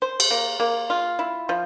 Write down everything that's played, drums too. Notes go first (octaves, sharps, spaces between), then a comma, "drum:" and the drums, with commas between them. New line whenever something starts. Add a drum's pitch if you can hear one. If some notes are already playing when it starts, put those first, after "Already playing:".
C5
drum: cymbal
A#3
A#3
F4
E4
F3